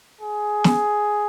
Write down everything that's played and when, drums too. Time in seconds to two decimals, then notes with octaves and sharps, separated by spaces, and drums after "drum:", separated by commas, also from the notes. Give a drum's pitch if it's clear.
0.21 G#4
0.64 drum: snare